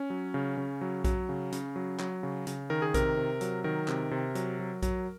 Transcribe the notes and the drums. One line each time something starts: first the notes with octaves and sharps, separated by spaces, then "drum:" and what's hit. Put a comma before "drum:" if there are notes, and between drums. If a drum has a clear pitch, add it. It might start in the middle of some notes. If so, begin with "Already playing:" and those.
Already playing: C#4
F#3
C#3
C#3
F#3
F#3, drum: kick A#1, hi-hat
C#3
C#3, drum: hi-hat
F#3
F#3, drum: clap
C#3
C#3, drum: hi-hat
D#3 A#4
G#4
C3 A#4, drum: kick A#1, hi-hat
C3
F#3, drum: hi-hat
D#3 A#4
C3, drum: clap
C3
F#3, drum: hi-hat
F#3
F#3, drum: kick A#1, hi-hat